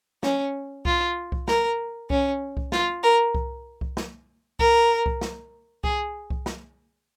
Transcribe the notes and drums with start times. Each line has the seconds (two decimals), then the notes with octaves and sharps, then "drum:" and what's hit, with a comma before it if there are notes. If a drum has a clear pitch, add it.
0.23 C#4, drum: snare
0.85 F4, drum: kick C2
1.32 drum: kick C2
1.48 A#4, drum: snare
2.10 C#4, drum: kick C2
2.57 drum: kick C2
2.72 F4, drum: snare
3.03 A#4
3.35 drum: kick C2
3.81 drum: kick C2
3.97 drum: snare
4.59 A#4, drum: kick C2
5.06 drum: kick C2
5.21 drum: snare
5.84 G#4, drum: kick C2
6.30 drum: kick C2
6.46 drum: snare